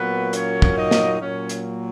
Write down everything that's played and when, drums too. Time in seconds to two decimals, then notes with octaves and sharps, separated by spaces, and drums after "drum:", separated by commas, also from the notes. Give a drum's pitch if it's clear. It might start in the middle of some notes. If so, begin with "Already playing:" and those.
Already playing: A#2 F#3 A#3 B3 B4
0.33 C#4 C#5, drum: hi-hat
0.62 drum: kick
0.77 D#4 D#5
0.91 drum: snare
1.21 A#2 F#3 A#3 C#4 C#5
1.49 drum: hi-hat